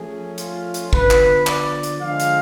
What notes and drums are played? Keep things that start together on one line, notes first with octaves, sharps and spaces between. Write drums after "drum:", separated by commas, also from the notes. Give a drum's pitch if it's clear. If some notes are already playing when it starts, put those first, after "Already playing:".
Already playing: F3 A3 C#4 G#4
F4, drum: hi-hat
drum: hi-hat
D3 F3 B3 B4, drum: kick
drum: clap
D5, drum: clap
drum: hi-hat
D3 F3 G#3 F5
drum: hi-hat